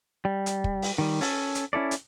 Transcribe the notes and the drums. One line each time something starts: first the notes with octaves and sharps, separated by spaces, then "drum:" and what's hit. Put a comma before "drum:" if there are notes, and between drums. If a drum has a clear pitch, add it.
G3
drum: hi-hat
drum: kick
drum: open hi-hat
D#3 G3
C#4 A4, drum: open hi-hat
drum: hi-hat
C#4 E4 A4 D5
drum: hi-hat